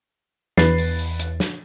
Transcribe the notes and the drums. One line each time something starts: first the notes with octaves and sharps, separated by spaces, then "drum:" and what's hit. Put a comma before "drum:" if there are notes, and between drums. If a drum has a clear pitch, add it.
E2 B4 A6 C7, drum: snare
drum: open hi-hat
drum: open hi-hat
drum: hi-hat
drum: snare